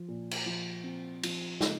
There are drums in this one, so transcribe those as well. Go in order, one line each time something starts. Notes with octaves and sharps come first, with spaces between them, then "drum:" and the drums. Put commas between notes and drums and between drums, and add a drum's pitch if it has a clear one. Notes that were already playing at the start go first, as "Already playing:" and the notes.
Already playing: F3
A#2
drum: cymbal
F3
C4
F3, drum: cymbal
D#4, drum: snare